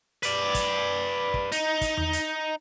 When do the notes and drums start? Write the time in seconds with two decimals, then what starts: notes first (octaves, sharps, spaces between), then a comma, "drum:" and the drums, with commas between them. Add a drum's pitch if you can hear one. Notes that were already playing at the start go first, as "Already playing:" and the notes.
0.23 B4 D5, drum: hi-hat
0.55 drum: kick, hi-hat
1.34 drum: kick
1.52 D#4, drum: hi-hat
1.81 drum: kick, hi-hat
1.97 drum: tom E2
2.13 drum: hi-hat